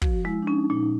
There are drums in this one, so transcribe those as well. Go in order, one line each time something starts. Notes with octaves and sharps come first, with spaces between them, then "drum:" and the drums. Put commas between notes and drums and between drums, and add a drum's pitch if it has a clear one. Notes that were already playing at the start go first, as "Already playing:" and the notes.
F3 F#4, drum: kick
G#3 E4
D4
C#4 D#4
A#2 D#4